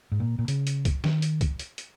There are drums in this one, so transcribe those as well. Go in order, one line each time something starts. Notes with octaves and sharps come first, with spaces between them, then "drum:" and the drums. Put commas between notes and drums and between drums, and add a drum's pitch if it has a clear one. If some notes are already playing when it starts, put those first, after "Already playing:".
G#2
A#2
A#2
C#3, drum: hi-hat
drum: hi-hat
drum: kick, hi-hat
D#3, drum: snare
drum: hi-hat
drum: kick, hi-hat
drum: hi-hat
drum: hi-hat